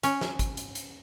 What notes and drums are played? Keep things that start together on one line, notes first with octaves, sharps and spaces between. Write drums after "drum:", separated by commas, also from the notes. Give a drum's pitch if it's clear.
C#4, drum: hi-hat
drum: snare
drum: kick, hi-hat
drum: hi-hat
drum: hi-hat